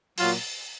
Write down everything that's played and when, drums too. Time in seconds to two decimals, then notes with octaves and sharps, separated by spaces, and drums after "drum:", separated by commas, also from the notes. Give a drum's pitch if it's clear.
0.18 A#2 F#3 F4, drum: open hi-hat